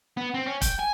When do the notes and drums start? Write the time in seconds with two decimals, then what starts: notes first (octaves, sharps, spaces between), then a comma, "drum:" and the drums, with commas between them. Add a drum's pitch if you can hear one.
0.17 B3
0.34 C4
0.46 C#4
0.62 G5, drum: kick E1, hi-hat
0.79 G#5